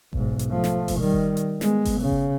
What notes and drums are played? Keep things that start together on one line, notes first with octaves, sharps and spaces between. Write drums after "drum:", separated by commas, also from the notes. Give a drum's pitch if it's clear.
B1 G#2, drum: kick G1
drum: hi-hat
F3 A3
drum: snare
drum: kick G1, open hi-hat
D#3 G3
drum: kick G1
drum: hi-hat
G#3 B3, drum: snare
drum: kick G1, open hi-hat
C#3
drum: kick G1